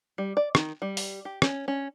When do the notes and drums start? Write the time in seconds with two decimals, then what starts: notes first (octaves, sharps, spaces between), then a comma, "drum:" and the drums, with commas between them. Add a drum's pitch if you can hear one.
0.18 G3
0.37 D5
0.55 D#3, drum: rim click
0.82 G3
0.97 drum: open hi-hat
1.25 G4
1.42 C#4, drum: rim click
1.68 C#4